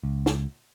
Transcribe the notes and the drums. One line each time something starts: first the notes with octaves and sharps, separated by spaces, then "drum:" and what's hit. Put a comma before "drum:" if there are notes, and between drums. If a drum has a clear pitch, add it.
C#2
drum: snare